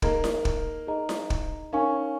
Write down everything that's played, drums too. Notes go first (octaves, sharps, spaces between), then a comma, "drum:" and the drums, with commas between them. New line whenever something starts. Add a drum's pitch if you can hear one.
A#3 D#4 G#4 D#5 A#5, drum: kick
drum: snare E4
drum: kick
D#4 G#4 D#5 A#5
drum: snare E4
drum: kick
C#4 D#4 A#4 F5 G#5 C#6